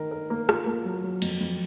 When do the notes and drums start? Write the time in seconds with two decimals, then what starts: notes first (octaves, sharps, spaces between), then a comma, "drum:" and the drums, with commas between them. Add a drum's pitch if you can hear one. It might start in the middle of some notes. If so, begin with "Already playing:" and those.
Already playing: D#3 A#4
0.11 A#4
0.30 A#3
0.49 F4, drum: rim click
0.66 A#3
0.85 F#3
1.04 F#3
1.22 F2, drum: cymbal
1.40 F2